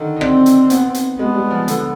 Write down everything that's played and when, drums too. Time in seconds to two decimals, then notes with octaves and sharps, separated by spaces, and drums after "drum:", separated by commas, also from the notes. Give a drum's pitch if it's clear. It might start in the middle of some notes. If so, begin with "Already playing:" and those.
Already playing: D3 D#3
0.16 D#4
0.21 C4 D4, drum: rim click
0.46 drum: hi-hat
0.70 B3, drum: hi-hat
0.94 drum: hi-hat
1.19 G#3 B3
1.34 G3
1.51 F3
1.68 D3, drum: hi-hat